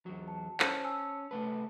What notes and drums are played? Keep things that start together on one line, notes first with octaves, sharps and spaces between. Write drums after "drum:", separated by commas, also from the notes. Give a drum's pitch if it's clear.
E2 F#3
A5
C#4 C5 A5, drum: clap
G#5 A5 E6
C2 A3 B4 A5